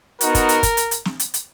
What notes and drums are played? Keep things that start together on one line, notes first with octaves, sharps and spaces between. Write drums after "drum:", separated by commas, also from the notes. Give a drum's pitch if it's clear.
B3 D#4 F#4 A#4, drum: hi-hat
drum: kick, hi-hat
drum: hi-hat
drum: kick, hi-hat
drum: hi-hat
drum: hi-hat
drum: snare
drum: hi-hat
drum: hi-hat